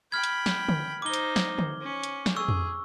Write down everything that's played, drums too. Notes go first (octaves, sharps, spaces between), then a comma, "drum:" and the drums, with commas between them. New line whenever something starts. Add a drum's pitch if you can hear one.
G5 B5 F6 G#6
drum: hi-hat
drum: snare
drum: tom D3
D#4 C5 D6 G7
drum: hi-hat
drum: snare
drum: tom D3
C#4
drum: hi-hat
drum: snare
G#4 C#6 E6
drum: tom F2